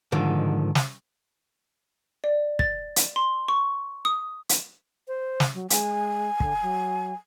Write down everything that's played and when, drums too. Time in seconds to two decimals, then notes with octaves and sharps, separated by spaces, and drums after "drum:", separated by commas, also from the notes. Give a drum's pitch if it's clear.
0.12 G#2 D3 D#3 F3
0.75 drum: snare
2.24 D5
2.59 A6, drum: kick
2.96 drum: hi-hat
3.16 C6
3.48 C#6
4.05 D#6
4.49 drum: hi-hat
5.08 C5
5.40 drum: snare
5.54 F#3
5.70 G#3 G#5, drum: hi-hat
6.40 D3, drum: kick
6.62 F#3